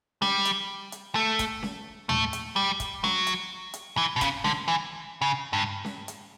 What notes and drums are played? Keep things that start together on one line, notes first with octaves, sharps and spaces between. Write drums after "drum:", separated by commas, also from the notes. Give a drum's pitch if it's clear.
G3, drum: snare C#4
drum: hi-hat
drum: hi-hat
A3
drum: kick, hi-hat
drum: snare C#4
A3, drum: tom
drum: hi-hat
G3
drum: kick, hi-hat
F#3, drum: snare C#4
drum: hi-hat
drum: hi-hat
E3
B2
C#3, drum: kick, hi-hat
D3, drum: snare C#4
E3
C#3
G2
drum: snare C#4
drum: hi-hat